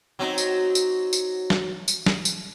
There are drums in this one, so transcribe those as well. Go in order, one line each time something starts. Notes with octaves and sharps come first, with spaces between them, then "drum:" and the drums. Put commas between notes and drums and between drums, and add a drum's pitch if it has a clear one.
F#3 C4 D#4
drum: tambourine
drum: tambourine
drum: tambourine
drum: snare
drum: tambourine
drum: snare
drum: tambourine